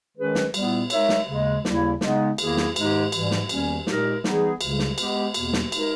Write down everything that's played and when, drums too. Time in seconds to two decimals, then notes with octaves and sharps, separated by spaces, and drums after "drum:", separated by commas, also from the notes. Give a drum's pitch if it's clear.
0.16 D#3 G#3 C#4 G#4 B4
0.35 drum: snare
0.54 A#2 G3 B3 E4, drum: cymbal
0.90 G#3 D#4 A#4 C#5 E5, drum: cymbal
1.09 drum: snare
1.27 D#2 C#3 G#3
1.65 D#2 C#3 G3 A#3 E4, drum: snare
2.01 C#3 G#3 B3 D#4, drum: snare
2.38 E2 D#3 A#3 E4 G#4, drum: cymbal
2.57 drum: snare
2.76 G#2 D#3 G#3 D#4 G4, drum: cymbal
3.12 G#2 E3 G3, drum: cymbal
3.31 drum: snare
3.49 E2 D#3 G3 A#3 C#4, drum: cymbal
3.87 A#2 G#3 D#4 G4 A#4, drum: snare
4.24 E3 G3 B3 D#4 G#4, drum: snare
4.61 C#2 C#3 G3, drum: cymbal
4.79 drum: snare
4.98 G#3 B3 G4, drum: cymbal
5.34 E2 B2 A#3, drum: cymbal
5.53 drum: snare
5.72 G#3 D#4 A#4, drum: cymbal